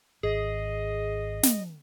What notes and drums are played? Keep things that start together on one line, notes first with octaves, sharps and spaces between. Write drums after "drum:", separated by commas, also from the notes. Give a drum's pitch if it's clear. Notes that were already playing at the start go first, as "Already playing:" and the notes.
G#1 G#4 D#5
drum: snare